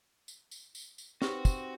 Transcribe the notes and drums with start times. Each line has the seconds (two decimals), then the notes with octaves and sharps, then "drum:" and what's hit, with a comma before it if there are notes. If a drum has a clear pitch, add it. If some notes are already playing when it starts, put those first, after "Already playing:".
0.28 drum: tambourine
0.51 drum: tambourine
0.75 drum: tambourine
0.98 drum: tambourine
1.22 C4 D#4 F#4 G4 B4 C#6 F6, drum: snare
1.45 drum: kick, tambourine